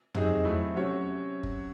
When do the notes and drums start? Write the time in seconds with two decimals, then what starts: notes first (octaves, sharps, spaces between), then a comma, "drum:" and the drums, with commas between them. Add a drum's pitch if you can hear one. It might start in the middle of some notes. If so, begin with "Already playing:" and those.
0.14 C3 F#3 C4 D#4 G#4, drum: tom
0.44 F#3 A3 C4 E4
0.75 C3 F#3 C#4 F#4 C#5
1.43 drum: kick